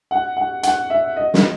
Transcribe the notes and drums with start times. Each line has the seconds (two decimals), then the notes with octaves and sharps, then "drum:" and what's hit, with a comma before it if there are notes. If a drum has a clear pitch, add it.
0.11 F#5
0.37 F#5
0.63 F#5, drum: hi-hat
0.90 E5
1.16 D#5
1.34 drum: snare